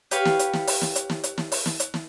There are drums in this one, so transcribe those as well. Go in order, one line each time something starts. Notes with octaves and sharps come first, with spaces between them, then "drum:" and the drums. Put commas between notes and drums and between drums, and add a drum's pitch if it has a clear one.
G4 B4 C#5 F5, drum: hi-hat
drum: snare
drum: hi-hat
drum: snare
drum: open hi-hat
drum: snare
drum: hi-hat
drum: snare
drum: hi-hat
drum: snare
drum: open hi-hat
drum: snare
drum: hi-hat
drum: snare